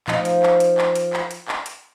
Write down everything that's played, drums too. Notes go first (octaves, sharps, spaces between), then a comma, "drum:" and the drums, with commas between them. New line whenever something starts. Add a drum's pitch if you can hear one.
F3 D#4, drum: clap
drum: hi-hat
drum: clap
drum: hi-hat
drum: clap
drum: hi-hat
drum: clap
drum: hi-hat
drum: clap
drum: hi-hat